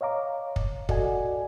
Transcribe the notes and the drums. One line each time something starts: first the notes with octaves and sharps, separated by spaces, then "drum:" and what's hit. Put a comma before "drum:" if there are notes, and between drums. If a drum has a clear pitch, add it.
C#5 D#5 F5 A#5 D6
drum: kick
F#4 A4 D5 D#5 F#5 G#5, drum: kick